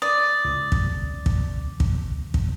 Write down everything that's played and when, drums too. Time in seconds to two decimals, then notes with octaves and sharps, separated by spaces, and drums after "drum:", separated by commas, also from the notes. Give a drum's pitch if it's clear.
0.02 D5 D#6
0.45 C#2
0.72 drum: kick
1.26 drum: kick
1.80 drum: kick
2.34 drum: kick